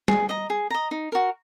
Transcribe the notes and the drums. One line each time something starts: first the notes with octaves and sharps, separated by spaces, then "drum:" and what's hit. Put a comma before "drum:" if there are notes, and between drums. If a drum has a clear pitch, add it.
G#4, drum: tom
D#5 A#5
G#4
D#5 A#5
D#4
F#4 A#4